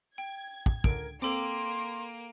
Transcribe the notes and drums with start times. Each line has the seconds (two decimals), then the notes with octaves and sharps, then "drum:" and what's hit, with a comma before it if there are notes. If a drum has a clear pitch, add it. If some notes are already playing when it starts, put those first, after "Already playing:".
0.18 G5 G#6
0.66 drum: kick
0.84 C#2 D3 A#4 D7, drum: kick
1.22 A#3 C4 A4 G5 C6 D6 D7